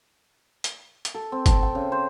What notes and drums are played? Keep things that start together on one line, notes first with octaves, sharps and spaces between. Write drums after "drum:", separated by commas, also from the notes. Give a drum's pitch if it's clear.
drum: hi-hat
drum: hi-hat
A4
C4
A5, drum: kick G1, hi-hat
G5
C#3
C5